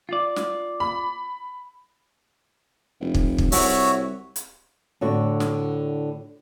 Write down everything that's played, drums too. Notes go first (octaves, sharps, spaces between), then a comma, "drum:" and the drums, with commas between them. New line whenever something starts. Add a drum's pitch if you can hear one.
F4 D5
drum: snare
B5
F1
drum: kick
drum: kick
C2 F#4 C#5 E5, drum: open hi-hat
drum: hi-hat
A2 D3 F#4
drum: snare